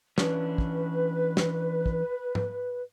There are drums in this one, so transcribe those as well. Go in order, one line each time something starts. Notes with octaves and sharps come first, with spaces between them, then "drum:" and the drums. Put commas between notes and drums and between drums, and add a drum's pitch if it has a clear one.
E3 C#4 D4 B4, drum: snare
drum: kick
drum: snare
drum: kick
drum: tom G#2